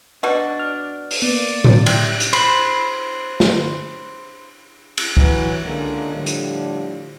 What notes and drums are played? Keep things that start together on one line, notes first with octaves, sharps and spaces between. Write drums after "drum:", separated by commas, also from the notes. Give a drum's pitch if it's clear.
B2 D4 F#4
F6
drum: open hi-hat
A#3 B3 D5
drum: tom A2
C3 G3, drum: cymbal
drum: hi-hat
C5 B5, drum: cymbal
drum: snare
drum: cymbal
E3 F#3, drum: kick C2
C#2 D3 G#3 A#3
A2 D3 F3 G3
drum: hi-hat